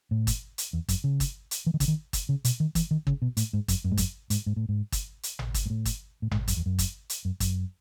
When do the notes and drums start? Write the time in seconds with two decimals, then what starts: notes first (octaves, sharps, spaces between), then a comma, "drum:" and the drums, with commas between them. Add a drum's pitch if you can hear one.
0.11 A2
0.27 drum: kick, hi-hat
0.58 drum: hi-hat
0.73 E2
0.88 F#2, drum: kick, hi-hat
1.04 C#3
1.20 drum: kick, hi-hat
1.51 drum: hi-hat
1.66 E3
1.74 D#3
1.80 C#3, drum: kick, hi-hat
1.88 D#3
2.13 drum: kick, hi-hat
2.29 C#3
2.45 B2, drum: hi-hat
2.60 D#3
2.75 E3, drum: kick, hi-hat
2.91 D#3
3.07 C#3, drum: kick
3.22 B2
3.37 A2, drum: hi-hat
3.53 G#2
3.68 F#2, drum: kick, hi-hat
3.84 F#2
3.92 G#2
3.97 F#2, drum: kick, hi-hat
4.30 G#2, drum: hi-hat
4.46 G#2
4.56 A2
4.69 G#2
4.92 drum: kick, hi-hat
5.23 drum: hi-hat
5.39 drum: tom G#1
5.54 drum: kick, hi-hat
5.66 G#2
5.70 A2
5.85 drum: kick, hi-hat
6.22 A2
6.31 G#2, drum: tom G#1
6.48 F#2, drum: kick, hi-hat
6.57 E2
6.66 F#2
6.79 drum: kick, hi-hat
7.10 drum: hi-hat
7.25 F#2
7.40 F#2, drum: kick, hi-hat